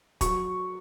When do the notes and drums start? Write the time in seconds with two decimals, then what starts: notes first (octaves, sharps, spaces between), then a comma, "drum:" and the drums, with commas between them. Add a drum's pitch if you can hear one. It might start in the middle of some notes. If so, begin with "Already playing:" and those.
0.21 F#3 C#6, drum: kick, hi-hat